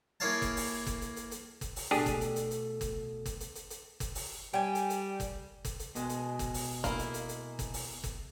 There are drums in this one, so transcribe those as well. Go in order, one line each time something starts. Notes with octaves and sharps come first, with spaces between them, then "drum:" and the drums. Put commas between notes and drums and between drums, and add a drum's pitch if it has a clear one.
A#3 E4 G#4 C#5 F5 A5
drum: kick, hi-hat
drum: open hi-hat
drum: kick, hi-hat
drum: hi-hat
drum: hi-hat
drum: hi-hat
drum: kick, hi-hat
drum: open hi-hat
B2 A3 D4 G4 G#4
drum: kick, hi-hat
drum: hi-hat
drum: hi-hat
drum: hi-hat
drum: kick, hi-hat
drum: kick, hi-hat
drum: hi-hat
drum: hi-hat
drum: hi-hat
drum: kick, hi-hat
drum: open hi-hat
G3 G5 G#5
drum: hi-hat
drum: hi-hat
drum: kick, hi-hat
drum: kick, hi-hat
drum: hi-hat
B2 G#3, drum: hi-hat
drum: hi-hat
drum: kick, hi-hat
drum: open hi-hat
A#3 E4, drum: kick, hi-hat
drum: hi-hat
drum: hi-hat
drum: hi-hat
drum: kick, hi-hat
drum: open hi-hat
drum: kick, hi-hat